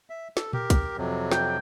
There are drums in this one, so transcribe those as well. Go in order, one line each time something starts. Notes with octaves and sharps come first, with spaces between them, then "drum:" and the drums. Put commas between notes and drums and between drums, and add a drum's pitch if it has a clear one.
E5
A4, drum: snare
G4 A#4, drum: tom A#2
drum: kick, hi-hat
F2 C3 F#3
G5, drum: snare